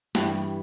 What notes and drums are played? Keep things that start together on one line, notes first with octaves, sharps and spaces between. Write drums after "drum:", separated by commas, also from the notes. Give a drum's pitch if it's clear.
G2 E3 G3, drum: snare